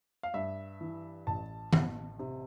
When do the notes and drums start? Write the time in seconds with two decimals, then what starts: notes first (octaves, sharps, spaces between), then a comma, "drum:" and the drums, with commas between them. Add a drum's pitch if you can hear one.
0.23 F5
0.34 G2 E5
0.81 E3
1.27 A1 A5
1.73 A1, drum: tom
2.19 C3